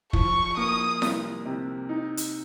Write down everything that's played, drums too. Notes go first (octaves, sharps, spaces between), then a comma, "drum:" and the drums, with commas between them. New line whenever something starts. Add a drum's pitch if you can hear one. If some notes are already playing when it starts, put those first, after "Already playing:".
F3 C#6, drum: kick
A#3 D#6
C2, drum: snare E4
C3
D#4
drum: hi-hat